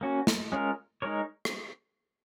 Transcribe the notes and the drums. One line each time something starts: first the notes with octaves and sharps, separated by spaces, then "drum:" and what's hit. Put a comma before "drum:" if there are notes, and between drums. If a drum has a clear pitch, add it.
A#3 C#4 F#4
drum: snare
G#3 C#4 F4 A#4
G#3 D#4 A#4 C#5
drum: rim click